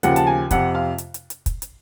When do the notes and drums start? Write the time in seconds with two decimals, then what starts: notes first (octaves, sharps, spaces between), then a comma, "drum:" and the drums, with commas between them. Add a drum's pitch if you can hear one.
0.03 D#2 C#3 F3 F#5, drum: hi-hat
0.16 A5, drum: hi-hat
0.27 G#5
0.51 F2 C3 F3 F#5, drum: kick, hi-hat
0.75 F5
0.98 drum: hi-hat
1.14 drum: hi-hat
1.30 drum: hi-hat
1.46 drum: kick, hi-hat
1.62 drum: hi-hat